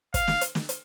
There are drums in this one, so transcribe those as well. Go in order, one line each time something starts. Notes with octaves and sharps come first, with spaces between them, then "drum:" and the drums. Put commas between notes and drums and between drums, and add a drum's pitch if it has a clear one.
F5, drum: kick, hi-hat
drum: snare
drum: hi-hat
drum: snare
drum: hi-hat